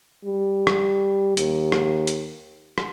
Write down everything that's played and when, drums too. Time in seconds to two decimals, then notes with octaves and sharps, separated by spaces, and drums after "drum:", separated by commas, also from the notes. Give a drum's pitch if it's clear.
0.25 G3
0.67 drum: rim click
1.37 D#2, drum: hi-hat
1.72 drum: rim click
2.07 drum: hi-hat
2.78 drum: rim click